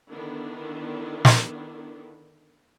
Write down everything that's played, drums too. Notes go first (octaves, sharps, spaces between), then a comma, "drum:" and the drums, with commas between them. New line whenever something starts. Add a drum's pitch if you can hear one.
D3 D#3 B3 D4 E4
drum: snare